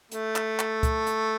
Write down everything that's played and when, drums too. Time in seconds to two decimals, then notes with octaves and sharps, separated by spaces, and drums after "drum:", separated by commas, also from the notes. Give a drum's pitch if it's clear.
0.12 A3, drum: hi-hat
0.36 drum: clap
0.59 drum: clap
0.83 drum: kick, hi-hat
1.07 drum: hi-hat